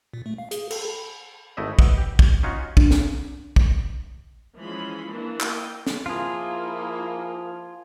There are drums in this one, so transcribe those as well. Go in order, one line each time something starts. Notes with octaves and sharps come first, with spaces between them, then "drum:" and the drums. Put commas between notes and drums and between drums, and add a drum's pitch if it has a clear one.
A#2
A3
F5
G#4, drum: hi-hat
A4, drum: cymbal
G#1 A3 E4 D#5 E5
B4 D#5 E5 F#5, drum: kick
G4
drum: kick
C#4 D#4 F4 F#4 C#5
D4, drum: kick
drum: snare
drum: kick
E3 F3 G#3 C#4 B5 C6
E3 A#3 D4
D#5 G5, drum: clap
drum: snare
F3 A#3 E4 F4 G#4